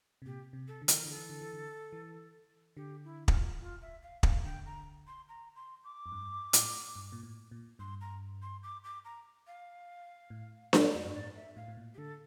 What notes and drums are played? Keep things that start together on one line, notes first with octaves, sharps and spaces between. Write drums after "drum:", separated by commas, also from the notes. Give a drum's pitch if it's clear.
C3
A#2 G4
C3
A4
D3
A#4, drum: hi-hat
E3
D3 A4
E3
D3
E3
D3
E3
D3 G4
E4
E4, drum: kick
F4
F4
E5
F5
F5, drum: kick
D3 G5
A#5
C6
A#5
C6
D6
F2
G2
A2, drum: hi-hat
G2
A#2
A2
A#2
G2 C6
A#5
C6
D6
D6
A#5
F5
A2
A#2, drum: snare D4
F2
G2
A2 D5
E5
A2 F5
A2
A#2
G4
D3 A4